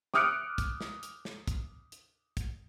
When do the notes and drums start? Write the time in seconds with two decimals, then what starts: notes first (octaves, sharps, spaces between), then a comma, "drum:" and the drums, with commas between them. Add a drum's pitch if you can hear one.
0.14 D6 D#6 F6 F#6 C#7 D7, drum: snare
0.58 drum: kick, hi-hat
0.81 drum: snare
1.03 drum: hi-hat
1.25 drum: snare
1.47 drum: kick, hi-hat
1.92 drum: hi-hat
2.37 drum: kick, hi-hat